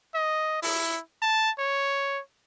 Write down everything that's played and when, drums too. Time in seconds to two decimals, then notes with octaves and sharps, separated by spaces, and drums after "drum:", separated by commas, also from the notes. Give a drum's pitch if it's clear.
0.15 D#5
0.62 E4, drum: open hi-hat
1.22 A5
1.59 C#5